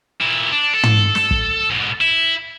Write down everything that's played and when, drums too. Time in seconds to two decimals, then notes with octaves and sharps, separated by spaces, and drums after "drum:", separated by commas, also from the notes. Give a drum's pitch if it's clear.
0.21 A#2 E4
0.52 D4
0.73 A4
0.83 drum: tom
1.15 drum: snare
1.31 drum: kick
1.70 G#2 B2
2.01 E4